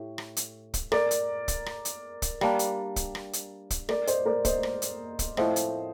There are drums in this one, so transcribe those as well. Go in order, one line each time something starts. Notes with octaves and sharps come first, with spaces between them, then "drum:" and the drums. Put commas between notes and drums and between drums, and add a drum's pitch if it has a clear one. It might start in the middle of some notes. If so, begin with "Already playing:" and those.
Already playing: A2 G4
drum: rim click
drum: hi-hat
drum: kick, hi-hat
A#4 D5, drum: rim click
drum: hi-hat
drum: kick, hi-hat
drum: rim click
drum: hi-hat
drum: kick, hi-hat
G3 A#3 D4, drum: rim click
drum: hi-hat
drum: kick, hi-hat
drum: rim click
drum: hi-hat
drum: kick, hi-hat
A#4 D5, drum: rim click
C5 D#5, drum: hi-hat
A#4 D5
C5 D#5, drum: kick, hi-hat
drum: rim click
drum: hi-hat
drum: kick, hi-hat
A2 F3 C4 C5 D#5, drum: rim click
drum: hi-hat